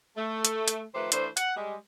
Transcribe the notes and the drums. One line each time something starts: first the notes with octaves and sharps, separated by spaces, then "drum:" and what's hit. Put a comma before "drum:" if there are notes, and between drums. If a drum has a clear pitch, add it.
A3
drum: hi-hat
drum: hi-hat
D#3 F3 A3 G4 B4 C5
E3 A3 D4 E4 C5, drum: hi-hat
F#5, drum: hi-hat
G3 G#3